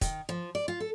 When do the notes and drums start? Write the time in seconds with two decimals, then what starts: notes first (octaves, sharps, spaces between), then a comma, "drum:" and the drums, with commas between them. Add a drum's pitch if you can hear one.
0.01 D#3, drum: kick, hi-hat
0.29 F3
0.55 D5
0.68 F4
0.80 A4